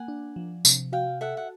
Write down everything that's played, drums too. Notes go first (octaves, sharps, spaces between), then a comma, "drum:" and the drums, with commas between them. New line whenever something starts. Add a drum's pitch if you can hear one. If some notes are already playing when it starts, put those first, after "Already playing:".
Already playing: A#3 F#5 G#5
D4
F3
C3, drum: tambourine
F#4 F5 G5
A4 E5 F#5
F#5